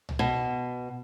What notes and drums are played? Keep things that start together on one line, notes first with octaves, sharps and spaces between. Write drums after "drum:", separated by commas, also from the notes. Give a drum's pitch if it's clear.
drum: tom C2
B2